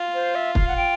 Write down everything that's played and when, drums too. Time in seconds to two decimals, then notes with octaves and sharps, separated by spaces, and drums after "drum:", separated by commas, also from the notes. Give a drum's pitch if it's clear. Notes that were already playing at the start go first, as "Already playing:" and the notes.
Already playing: F4
0.14 C5
0.35 E5
0.55 F5, drum: kick
0.68 F#5
0.77 G5